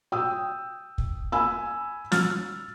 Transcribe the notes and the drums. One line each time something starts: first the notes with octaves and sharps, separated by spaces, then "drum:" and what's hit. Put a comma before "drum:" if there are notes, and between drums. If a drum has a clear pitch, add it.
G5 D#6 E6
drum: kick
G#5 B5 E6
E6 F6 A6, drum: snare